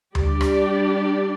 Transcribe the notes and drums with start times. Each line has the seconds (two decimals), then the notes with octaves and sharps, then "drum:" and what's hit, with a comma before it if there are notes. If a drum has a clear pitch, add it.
0.15 G3 D4 G4 D5, drum: tom D2
0.41 drum: rim click